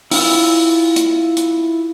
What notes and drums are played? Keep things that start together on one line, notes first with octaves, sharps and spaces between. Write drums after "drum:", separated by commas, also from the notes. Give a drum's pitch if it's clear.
E4 F4 E6, drum: open hi-hat
drum: hi-hat
drum: hi-hat